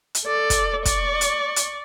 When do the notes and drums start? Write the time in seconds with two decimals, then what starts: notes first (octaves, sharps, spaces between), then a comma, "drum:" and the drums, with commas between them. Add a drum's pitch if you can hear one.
0.15 drum: hi-hat
0.24 A4 D5
0.50 drum: kick, hi-hat
0.85 D5 C#6, drum: kick, hi-hat
1.21 drum: hi-hat
1.56 drum: hi-hat